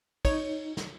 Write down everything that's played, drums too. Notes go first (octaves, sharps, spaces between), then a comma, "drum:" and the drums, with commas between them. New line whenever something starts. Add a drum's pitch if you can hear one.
D#4 C#5, drum: kick, cymbal
drum: snare